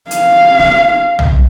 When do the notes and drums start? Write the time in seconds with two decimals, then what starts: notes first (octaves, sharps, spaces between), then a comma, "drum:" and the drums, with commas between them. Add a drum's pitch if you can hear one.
0.11 F5, drum: hi-hat
0.59 drum: snare
1.19 drum: tom